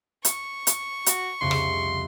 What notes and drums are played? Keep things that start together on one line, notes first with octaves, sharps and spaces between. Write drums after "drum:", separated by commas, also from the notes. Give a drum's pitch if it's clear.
C#6, drum: hi-hat
drum: hi-hat
F#4, drum: hi-hat
C2 F2 C#3 C6
drum: rim click